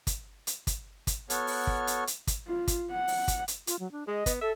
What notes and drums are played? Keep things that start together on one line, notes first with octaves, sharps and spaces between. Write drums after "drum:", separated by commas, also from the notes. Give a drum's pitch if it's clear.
drum: kick, hi-hat
drum: hi-hat
drum: kick, hi-hat
drum: kick, hi-hat
B3 F#4 A4 C#5 C#6 F6, drum: hi-hat
drum: open hi-hat
drum: kick
drum: hi-hat
drum: hi-hat
drum: kick, hi-hat
F4
drum: kick, hi-hat
F#5
drum: open hi-hat
drum: kick, hi-hat
drum: hi-hat
F4, drum: hi-hat
F#3
D4
G#3 D#5
B3, drum: kick, hi-hat
A4 E5